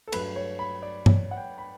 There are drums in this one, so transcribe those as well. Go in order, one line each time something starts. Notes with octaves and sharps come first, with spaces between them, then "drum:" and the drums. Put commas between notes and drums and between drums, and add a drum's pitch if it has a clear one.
A4
G2 F#3 A3 B4, drum: cymbal
C#5
B5
D5
C#5, drum: tom G2
F#5
G5
B5